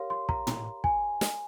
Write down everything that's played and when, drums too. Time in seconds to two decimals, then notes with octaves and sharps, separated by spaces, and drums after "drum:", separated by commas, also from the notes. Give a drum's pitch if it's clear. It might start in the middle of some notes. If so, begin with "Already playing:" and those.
Already playing: G4 A#4 C#5 F5 C6
0.10 C6
0.29 A#5, drum: kick
0.47 drum: tom
0.84 G#5, drum: kick
1.21 drum: snare